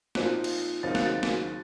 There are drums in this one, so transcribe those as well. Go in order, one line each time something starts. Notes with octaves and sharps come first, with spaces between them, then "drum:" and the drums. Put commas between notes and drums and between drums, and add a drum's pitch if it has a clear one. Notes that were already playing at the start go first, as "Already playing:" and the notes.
A#2 F3 C4 D#4 F#6, drum: snare
drum: cymbal
D#2 C#3 F#3 C4 D#4 A6
F#6, drum: snare
A6
drum: snare